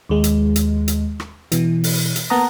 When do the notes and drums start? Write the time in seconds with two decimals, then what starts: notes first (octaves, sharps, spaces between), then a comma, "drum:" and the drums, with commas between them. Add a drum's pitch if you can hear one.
0.09 D#2 G#3
0.24 drum: hi-hat
0.56 drum: hi-hat
0.88 drum: hi-hat
1.20 drum: rim click
1.52 B2 E3, drum: hi-hat
1.84 drum: open hi-hat
2.16 drum: hi-hat
2.30 A#3 B3 F#5 A5 A#5 D#6